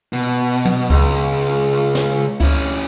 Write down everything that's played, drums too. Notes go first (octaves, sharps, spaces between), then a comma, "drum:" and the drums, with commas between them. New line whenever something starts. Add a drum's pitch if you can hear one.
B2
drum: tom
C#2, drum: kick C#2
drum: snare
C#4 E4, drum: kick C#2